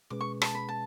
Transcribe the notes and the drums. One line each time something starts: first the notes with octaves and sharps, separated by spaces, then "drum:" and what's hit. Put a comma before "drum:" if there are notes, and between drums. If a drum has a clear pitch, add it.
B2 G#3 C#4 G#4 B4 D6
C#6
A5, drum: rim click
B5
A5